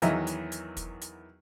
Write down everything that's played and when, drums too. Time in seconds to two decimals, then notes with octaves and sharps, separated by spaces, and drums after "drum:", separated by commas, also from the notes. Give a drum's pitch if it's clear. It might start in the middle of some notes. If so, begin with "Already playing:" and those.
0.02 E2 D#3 E3 F#3 D#5 E5, drum: hi-hat
0.27 drum: hi-hat
0.52 drum: hi-hat
0.77 drum: kick, hi-hat
1.01 drum: hi-hat